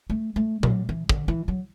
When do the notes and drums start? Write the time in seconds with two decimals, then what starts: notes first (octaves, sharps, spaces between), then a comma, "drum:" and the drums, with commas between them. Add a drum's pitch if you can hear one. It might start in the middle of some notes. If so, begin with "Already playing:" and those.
0.10 A3
0.36 A3
0.63 F#3, drum: tom A#2
0.89 E3
1.09 D3, drum: kick
1.28 E3
1.48 F#3